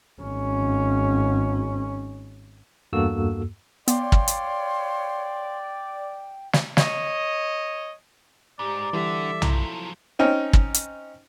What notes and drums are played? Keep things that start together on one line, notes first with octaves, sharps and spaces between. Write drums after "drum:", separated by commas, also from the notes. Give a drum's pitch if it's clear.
G#1 C#4
E2 G2 A#3 F#4 A4 E6
B3 C#5 D5 F5 G5 C6, drum: hi-hat
drum: kick
drum: hi-hat
drum: snare
C#5 D#5, drum: snare
G#2 G4 D5 A#5
D3 E3 G3 G4 A4 E5
F3 F#3 E4 A#5, drum: tom B1
C4 C#4 D#4
drum: kick
drum: hi-hat